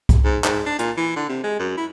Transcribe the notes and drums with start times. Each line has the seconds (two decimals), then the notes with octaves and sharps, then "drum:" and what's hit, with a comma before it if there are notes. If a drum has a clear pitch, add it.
0.09 drum: kick C2, hi-hat
0.24 G#2
0.44 G#2, drum: clap
0.66 D4
0.79 A#2, drum: hi-hat
0.97 E3
1.16 D3
1.29 C3
1.43 G#3
1.59 F#2
1.77 E4